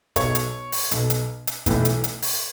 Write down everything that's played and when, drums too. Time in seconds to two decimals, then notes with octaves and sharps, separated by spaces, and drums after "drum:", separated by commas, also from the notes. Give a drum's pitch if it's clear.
0.16 B1 B2 C#5, drum: kick, hi-hat
0.35 drum: hi-hat
0.72 drum: open hi-hat
0.91 B1 B2, drum: hi-hat
1.10 drum: hi-hat
1.47 drum: hi-hat
1.66 B1 A2 E3, drum: kick, hi-hat
1.85 drum: hi-hat
2.04 drum: hi-hat
2.22 drum: open hi-hat